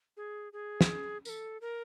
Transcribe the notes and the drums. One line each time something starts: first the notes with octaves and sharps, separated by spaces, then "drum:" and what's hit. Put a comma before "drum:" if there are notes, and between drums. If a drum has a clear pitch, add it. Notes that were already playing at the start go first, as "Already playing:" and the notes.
G#4
G#4
drum: snare
A#4, drum: tambourine
A4
A#4